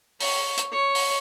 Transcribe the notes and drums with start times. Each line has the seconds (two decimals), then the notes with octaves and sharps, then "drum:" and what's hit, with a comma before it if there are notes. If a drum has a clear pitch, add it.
0.20 C#5, drum: open hi-hat
0.57 drum: hi-hat
0.72 C#5
0.95 drum: open hi-hat